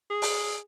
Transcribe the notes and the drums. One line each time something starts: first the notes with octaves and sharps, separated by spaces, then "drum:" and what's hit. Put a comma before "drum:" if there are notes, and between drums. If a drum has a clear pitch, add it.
G#4
drum: open hi-hat